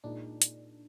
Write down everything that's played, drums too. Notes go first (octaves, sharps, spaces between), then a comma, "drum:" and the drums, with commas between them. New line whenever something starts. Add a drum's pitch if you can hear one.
A#2 G#3 D4 D#4
drum: hi-hat